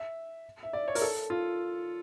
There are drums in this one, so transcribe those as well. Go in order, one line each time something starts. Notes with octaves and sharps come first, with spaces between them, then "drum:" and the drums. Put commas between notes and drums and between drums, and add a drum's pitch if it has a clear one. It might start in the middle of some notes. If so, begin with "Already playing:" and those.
Already playing: E5
E5
D5
C#5
A#4, drum: open hi-hat
A4
F4